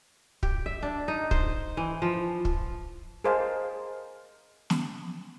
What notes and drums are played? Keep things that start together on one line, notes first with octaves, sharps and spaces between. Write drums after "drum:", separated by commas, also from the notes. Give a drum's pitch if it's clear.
G4, drum: kick
E5
D4
D#4
C5, drum: kick
E3
F3
drum: kick
G#4 A#4 C5 D#5 F5 A5
drum: snare